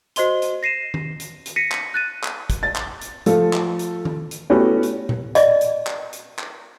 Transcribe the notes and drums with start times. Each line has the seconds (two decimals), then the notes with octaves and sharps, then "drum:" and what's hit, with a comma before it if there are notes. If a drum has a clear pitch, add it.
0.16 F#4 C5 D#5 C6 G7, drum: hi-hat
0.42 drum: hi-hat
0.63 A#6 C7 D#7 E7
0.94 drum: tom D#3
1.20 drum: hi-hat
1.46 drum: hi-hat
1.56 A#6 B6 C#7 D#7
1.72 drum: clap
1.94 F#6 A6 D#7
2.24 drum: clap
2.50 drum: kick, hi-hat
2.63 A6
2.76 drum: clap
3.02 drum: hi-hat
3.26 F3 A3 F4 A4, drum: hi-hat
3.53 drum: clap
3.79 drum: hi-hat
4.05 drum: tom D#3
4.31 drum: hi-hat
4.50 A3 B3 C#4 E4 F#4 G4
4.83 drum: hi-hat
5.09 drum: tom A#2
5.35 D5 D#5, drum: hi-hat
5.61 drum: hi-hat
5.87 drum: clap
6.13 drum: hi-hat
6.39 drum: clap